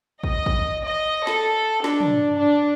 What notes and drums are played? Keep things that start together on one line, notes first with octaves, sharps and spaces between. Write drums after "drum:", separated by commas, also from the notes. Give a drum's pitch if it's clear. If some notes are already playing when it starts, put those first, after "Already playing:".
D#5, drum: kick
drum: kick
D#5
A4, drum: snare
D4, drum: snare
drum: tom
D4